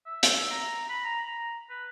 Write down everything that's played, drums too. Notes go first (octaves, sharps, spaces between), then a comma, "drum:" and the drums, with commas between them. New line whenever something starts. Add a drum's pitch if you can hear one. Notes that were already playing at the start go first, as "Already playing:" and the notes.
E5
drum: hi-hat
A#5
B5
A#5
A#5
B4